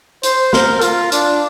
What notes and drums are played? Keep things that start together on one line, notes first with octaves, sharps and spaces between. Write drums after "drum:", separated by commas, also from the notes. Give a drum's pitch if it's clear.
C5, drum: hi-hat
A#4, drum: snare
F4, drum: hi-hat
D4, drum: hi-hat